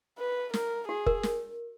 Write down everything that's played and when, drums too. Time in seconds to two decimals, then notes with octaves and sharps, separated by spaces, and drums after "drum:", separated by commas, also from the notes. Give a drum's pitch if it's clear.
0.19 B4
0.54 A#4, drum: snare
0.88 F#4 G#4
1.06 A#4, drum: kick F1
1.23 drum: snare